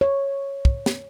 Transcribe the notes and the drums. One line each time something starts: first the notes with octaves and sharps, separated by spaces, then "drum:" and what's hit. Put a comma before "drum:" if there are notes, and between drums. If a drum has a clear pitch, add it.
C#5
drum: kick
drum: snare